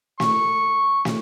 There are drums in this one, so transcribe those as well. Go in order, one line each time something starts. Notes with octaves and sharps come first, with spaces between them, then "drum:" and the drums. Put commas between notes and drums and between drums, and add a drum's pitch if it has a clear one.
C#6, drum: snare
drum: snare